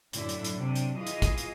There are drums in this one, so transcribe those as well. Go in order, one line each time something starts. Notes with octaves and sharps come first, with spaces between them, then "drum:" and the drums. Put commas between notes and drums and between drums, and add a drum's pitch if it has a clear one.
F#2 A2 D3 D4 E4, drum: hi-hat
drum: hi-hat
drum: hi-hat
C3 F#3 D4
drum: hi-hat
E3 F4 G#4 D#5
drum: hi-hat
drum: kick, hi-hat
drum: hi-hat